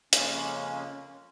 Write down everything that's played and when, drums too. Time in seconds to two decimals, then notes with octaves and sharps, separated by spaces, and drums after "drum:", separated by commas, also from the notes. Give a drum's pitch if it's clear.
0.13 F2 C#3 G#3 A#3 C#4, drum: hi-hat